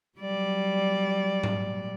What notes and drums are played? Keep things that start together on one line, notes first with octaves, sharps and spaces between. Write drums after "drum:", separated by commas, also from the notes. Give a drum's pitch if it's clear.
F#3 G3 D5
drum: tom G#2